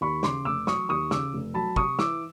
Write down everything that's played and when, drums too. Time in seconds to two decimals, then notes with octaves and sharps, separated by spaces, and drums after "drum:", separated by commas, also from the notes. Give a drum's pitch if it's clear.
0.01 D#2 B5 C#6
0.23 C#3 C6 D6, drum: snare
0.45 F1 D6 E6
0.67 F#3 C#6 D#6, drum: snare
0.89 D#2 C#6 D#6
1.11 C#3 D6 E6, drum: snare
1.34 F1
1.54 F#3 A5 B5
1.76 C3 C#6 D#6, drum: kick
1.99 E3 D6 E6, drum: snare